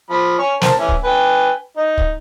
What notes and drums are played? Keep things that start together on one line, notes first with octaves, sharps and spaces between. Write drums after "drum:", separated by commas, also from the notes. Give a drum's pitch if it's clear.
F3 B5
C#5 G#5
A#4 C5 A5, drum: snare
E3 C#4
drum: kick
B4 G5 G#5
D#4
drum: kick